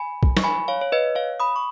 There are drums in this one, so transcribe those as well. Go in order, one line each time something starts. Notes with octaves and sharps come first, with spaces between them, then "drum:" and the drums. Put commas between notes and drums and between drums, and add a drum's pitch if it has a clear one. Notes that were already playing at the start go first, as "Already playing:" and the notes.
Already playing: G#5 B5
drum: kick B1
C#6, drum: snare
G#5 B5
C#5 F5
C#5
B4 D#5
C#5 F5
B5 D#6
C#6